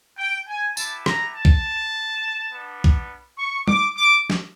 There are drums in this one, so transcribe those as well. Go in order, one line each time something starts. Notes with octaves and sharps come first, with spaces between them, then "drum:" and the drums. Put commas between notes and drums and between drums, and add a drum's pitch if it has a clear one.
G5
G#5
B3 E4 G4 A5, drum: tambourine
A#5, drum: rim click
A5
drum: kick B1
G3 B3 D4
drum: kick B1
C#6
D6, drum: tom G3
D6
drum: snare